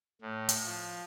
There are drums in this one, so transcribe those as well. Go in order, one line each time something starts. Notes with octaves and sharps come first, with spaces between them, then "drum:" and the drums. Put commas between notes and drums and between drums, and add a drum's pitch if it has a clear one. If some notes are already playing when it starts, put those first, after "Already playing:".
A2
drum: hi-hat
F3